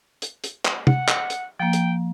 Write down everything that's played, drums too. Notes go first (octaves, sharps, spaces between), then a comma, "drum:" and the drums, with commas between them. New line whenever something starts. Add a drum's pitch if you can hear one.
drum: hi-hat
drum: hi-hat
drum: clap
F#5, drum: tom
drum: clap
drum: hi-hat
F3 A#3 G5
drum: hi-hat